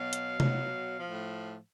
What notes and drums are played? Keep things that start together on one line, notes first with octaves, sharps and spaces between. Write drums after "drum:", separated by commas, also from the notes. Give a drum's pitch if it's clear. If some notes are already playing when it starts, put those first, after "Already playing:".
Already playing: B2 F#3 F5
drum: hi-hat
B2 F#3, drum: tom C3
A2 F3